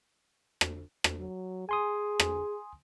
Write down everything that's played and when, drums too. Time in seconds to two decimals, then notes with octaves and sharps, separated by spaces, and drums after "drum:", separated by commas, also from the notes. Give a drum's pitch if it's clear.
0.61 drum: rim click
1.04 drum: rim click
1.19 F#3
1.69 G#4 G#5 C6 D#6
2.20 drum: rim click